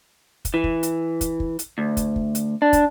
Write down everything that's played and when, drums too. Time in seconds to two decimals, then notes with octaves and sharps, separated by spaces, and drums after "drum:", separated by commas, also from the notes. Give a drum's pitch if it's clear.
0.45 drum: kick, hi-hat
0.54 E3
0.64 drum: kick
0.83 drum: hi-hat
1.21 drum: kick, hi-hat
1.40 drum: kick
1.59 drum: hi-hat
1.78 D2
1.97 drum: kick, hi-hat
2.16 drum: kick
2.35 drum: hi-hat
2.62 D4
2.73 drum: kick, hi-hat